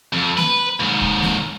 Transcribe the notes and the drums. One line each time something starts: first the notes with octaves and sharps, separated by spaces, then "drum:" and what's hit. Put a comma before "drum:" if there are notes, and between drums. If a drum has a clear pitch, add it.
F2
B4, drum: snare A#3
D#2 G#2
drum: kick C#2
drum: snare A#3